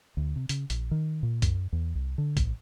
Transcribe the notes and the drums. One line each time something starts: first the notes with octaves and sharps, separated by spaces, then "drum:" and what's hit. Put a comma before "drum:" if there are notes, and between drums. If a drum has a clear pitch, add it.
D2
C3
C#3, drum: hi-hat
A#1, drum: hi-hat
D#3
A#2
F#2, drum: kick, hi-hat
E2
C2
D3
A1, drum: kick, hi-hat